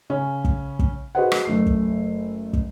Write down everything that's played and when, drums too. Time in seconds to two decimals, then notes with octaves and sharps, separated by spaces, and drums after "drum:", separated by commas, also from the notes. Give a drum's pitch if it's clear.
0.10 C#3 C#4
0.45 drum: kick
0.79 drum: kick
1.15 F#4 G#4 B4 C5 D#5 F#5
1.32 drum: rim click
1.45 F#1 A3 C7
1.66 drum: kick
2.53 drum: kick